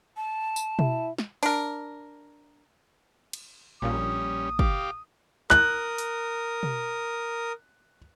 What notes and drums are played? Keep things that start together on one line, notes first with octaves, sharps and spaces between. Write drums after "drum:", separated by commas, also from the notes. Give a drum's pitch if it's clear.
A5
drum: tambourine
E4, drum: tom B2
drum: snare
D4 A#4, drum: open hi-hat
drum: cymbal
A#1 A#2 G3 C#4 D#6
G4 F5 D6, drum: kick
A#4 D#6 F#6, drum: clap
drum: hi-hat
drum: tom B2